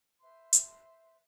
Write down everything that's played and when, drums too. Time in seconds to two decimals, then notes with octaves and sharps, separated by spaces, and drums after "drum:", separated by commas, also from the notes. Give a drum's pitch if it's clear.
0.20 B4 C5 E5 C6
0.53 drum: hi-hat